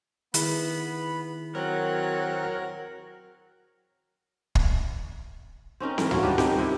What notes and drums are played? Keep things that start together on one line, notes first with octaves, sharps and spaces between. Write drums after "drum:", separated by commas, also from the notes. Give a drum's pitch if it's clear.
D#3 B3 E4 G#4 B5, drum: hi-hat
F#3 C4 A#4 C#5 F#6
drum: kick
C4 C#4 D#4 A#4
E3 C#4 A#4, drum: snare C4
F#3 F4 C#5, drum: tom
D#3 G3 B3 D4
C4 D#4 G4, drum: snare C4
C3 E4